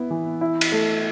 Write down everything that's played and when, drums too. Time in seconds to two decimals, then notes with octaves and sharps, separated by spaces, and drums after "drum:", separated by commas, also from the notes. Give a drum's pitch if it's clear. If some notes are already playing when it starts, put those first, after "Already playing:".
Already playing: B3 E4
0.11 E3
0.41 E4
0.61 drum: cymbal
0.72 A3